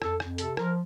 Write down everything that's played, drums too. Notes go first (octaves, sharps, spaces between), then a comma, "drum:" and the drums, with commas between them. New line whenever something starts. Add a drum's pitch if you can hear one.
F2 A4, drum: rim click
F2, drum: rim click
C3 A4, drum: hi-hat
F3 A#4, drum: rim click